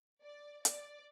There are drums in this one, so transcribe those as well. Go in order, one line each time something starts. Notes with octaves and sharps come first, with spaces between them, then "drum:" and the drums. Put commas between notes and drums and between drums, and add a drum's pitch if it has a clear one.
D5
D5, drum: hi-hat